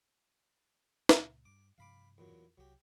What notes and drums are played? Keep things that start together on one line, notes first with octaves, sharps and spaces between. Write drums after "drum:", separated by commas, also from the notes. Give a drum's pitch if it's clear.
C#2 A#2 C#3, drum: snare
G2 D6
G2 C3 F3 F5 B5 D6
E2 A#2 F#3
C2 F#3 G4